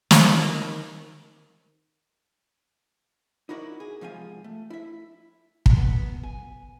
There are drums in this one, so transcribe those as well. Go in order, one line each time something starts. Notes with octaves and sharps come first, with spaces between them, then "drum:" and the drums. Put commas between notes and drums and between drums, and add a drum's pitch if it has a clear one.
D#3, drum: snare
D#4 E4 F#4 A#4 D5
G#4
G#2 C3 F3 F5 G#5
A3
E4 E5
drum: kick
B3
G#5